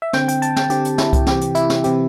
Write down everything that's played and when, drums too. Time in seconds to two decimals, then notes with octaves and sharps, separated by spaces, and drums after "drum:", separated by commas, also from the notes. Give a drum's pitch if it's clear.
0.02 E5
0.13 D3 C4 G5, drum: snare
0.28 G5, drum: hi-hat
0.42 A5, drum: hi-hat
0.56 G5, drum: snare
0.70 D3 C4 G4, drum: hi-hat
0.85 drum: hi-hat
0.98 E4, drum: snare
1.13 drum: kick C2, hi-hat
1.27 C3 E3 C4 G4, drum: snare
1.41 drum: hi-hat
1.55 E4, drum: hi-hat
1.70 drum: snare
1.84 C3 E3 C4 G4, drum: hi-hat